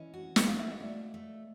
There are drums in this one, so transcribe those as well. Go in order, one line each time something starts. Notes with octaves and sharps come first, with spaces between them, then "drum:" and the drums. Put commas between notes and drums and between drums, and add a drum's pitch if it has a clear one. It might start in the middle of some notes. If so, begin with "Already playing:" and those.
Already playing: E3 C#4 D#5
F#4
drum: snare
A3 F5
E5
D#5
A3 D5 E5
A3